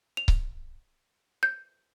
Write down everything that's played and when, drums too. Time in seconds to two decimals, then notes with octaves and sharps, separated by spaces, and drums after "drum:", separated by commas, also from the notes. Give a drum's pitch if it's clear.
0.17 F7
0.28 drum: kick C#1
1.43 G6